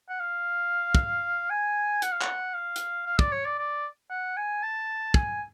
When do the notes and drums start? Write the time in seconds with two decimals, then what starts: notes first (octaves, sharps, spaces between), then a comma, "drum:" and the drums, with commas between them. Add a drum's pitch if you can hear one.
0.09 F#5
0.20 F5
0.95 drum: kick
1.50 G#5
2.02 F#5, drum: hi-hat
2.12 F5
2.21 F#5, drum: clap
2.54 F5
2.76 drum: hi-hat
3.06 F5
3.19 D5, drum: kick
3.32 C#5
3.45 D5
3.58 D5
4.10 F#5
4.36 G#5
4.63 A5
5.14 G#5, drum: kick